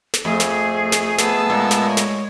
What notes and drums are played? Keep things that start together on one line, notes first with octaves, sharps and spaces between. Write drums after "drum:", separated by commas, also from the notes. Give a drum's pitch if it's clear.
drum: snare
F2 A3 G#4
drum: snare
drum: snare
B3 A5 E6, drum: snare
A#2 G#3
drum: snare
C#5
drum: snare